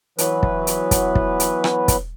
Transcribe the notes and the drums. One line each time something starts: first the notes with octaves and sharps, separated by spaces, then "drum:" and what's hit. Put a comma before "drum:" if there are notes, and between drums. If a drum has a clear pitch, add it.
E3 F#3 B3 B4, drum: hi-hat
drum: kick
drum: hi-hat
drum: kick, hi-hat
drum: kick
drum: hi-hat
drum: rim click
drum: kick, hi-hat